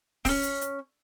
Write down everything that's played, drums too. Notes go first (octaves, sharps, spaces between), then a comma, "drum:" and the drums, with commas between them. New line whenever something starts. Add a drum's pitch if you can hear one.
C4 C#4, drum: kick D1, open hi-hat
drum: hi-hat
drum: hi-hat